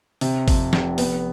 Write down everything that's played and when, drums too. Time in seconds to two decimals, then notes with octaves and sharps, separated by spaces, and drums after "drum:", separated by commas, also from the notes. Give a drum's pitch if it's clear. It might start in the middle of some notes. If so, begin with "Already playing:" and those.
0.21 C3, drum: open hi-hat
0.48 F2, drum: kick, open hi-hat
0.73 F1, drum: snare
0.98 B3, drum: open hi-hat